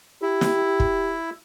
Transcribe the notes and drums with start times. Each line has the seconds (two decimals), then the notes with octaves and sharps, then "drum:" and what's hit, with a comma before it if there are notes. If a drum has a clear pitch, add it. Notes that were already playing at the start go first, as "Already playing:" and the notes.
0.22 E4 G4
0.41 drum: snare
0.80 drum: kick